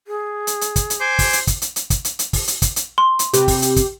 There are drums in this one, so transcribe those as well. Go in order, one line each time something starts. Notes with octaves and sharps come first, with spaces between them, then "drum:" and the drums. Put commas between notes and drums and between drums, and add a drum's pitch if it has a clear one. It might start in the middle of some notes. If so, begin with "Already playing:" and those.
G#4
drum: hi-hat
drum: hi-hat
drum: kick, hi-hat
drum: hi-hat
C5 G#5 D6
drum: kick, open hi-hat
drum: hi-hat
drum: kick, hi-hat
drum: hi-hat
drum: hi-hat
drum: kick, hi-hat
drum: hi-hat
drum: hi-hat
drum: kick, open hi-hat
drum: hi-hat
drum: kick, hi-hat
drum: hi-hat
C6
drum: hi-hat
C3 C4 G4 B4, drum: hi-hat
drum: kick, open hi-hat
drum: hi-hat
drum: kick, hi-hat